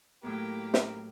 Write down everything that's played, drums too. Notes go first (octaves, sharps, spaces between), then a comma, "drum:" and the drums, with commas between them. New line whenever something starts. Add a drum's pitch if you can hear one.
A2 F#3 A#3 B3 E4 G4 A#4
drum: snare